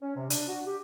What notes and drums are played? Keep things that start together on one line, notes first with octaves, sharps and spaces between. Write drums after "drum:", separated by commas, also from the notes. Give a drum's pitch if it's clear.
C#4
C3
D4, drum: hi-hat
F#4
G4